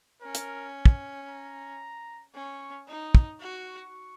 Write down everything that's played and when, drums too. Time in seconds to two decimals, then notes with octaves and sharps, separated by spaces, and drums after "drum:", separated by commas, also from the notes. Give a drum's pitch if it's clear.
0.22 C#4 A#4
0.35 drum: hi-hat
0.85 drum: kick
1.29 A#5
2.35 C#4 C#6
2.88 D#4 D#6
3.15 drum: kick
3.40 F#4 C#6